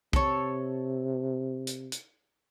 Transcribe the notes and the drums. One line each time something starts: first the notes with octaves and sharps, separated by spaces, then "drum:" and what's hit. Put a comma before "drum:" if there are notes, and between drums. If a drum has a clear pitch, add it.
C3 A4 C#5, drum: kick
drum: hi-hat
drum: hi-hat